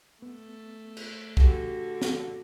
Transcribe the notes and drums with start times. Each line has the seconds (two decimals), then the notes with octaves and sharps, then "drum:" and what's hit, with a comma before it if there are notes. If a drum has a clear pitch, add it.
0.22 A3 B3
0.97 drum: cymbal
1.37 D3 F#4 G4, drum: kick
2.02 drum: snare